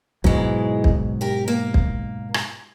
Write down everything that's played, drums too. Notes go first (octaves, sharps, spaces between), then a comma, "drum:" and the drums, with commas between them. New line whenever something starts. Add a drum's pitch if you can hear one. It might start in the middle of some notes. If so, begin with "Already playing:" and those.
G#2 B2 E3 F#3 G#3, drum: kick
drum: kick
G4 A#4
A#3
drum: kick
drum: rim click